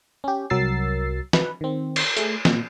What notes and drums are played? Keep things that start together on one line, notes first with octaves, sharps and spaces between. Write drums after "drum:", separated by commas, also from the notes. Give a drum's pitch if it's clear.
C#4 G4
C2 F#3 A#4 E6 A6 C7
B4, drum: snare
D#3 C4
drum: cymbal
A3 G#4, drum: hi-hat
A#2, drum: snare